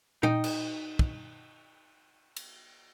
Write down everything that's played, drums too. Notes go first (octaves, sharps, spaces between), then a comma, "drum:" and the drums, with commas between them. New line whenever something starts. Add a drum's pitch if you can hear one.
D#4 G5, drum: tom A#2
drum: cymbal
drum: kick
drum: cymbal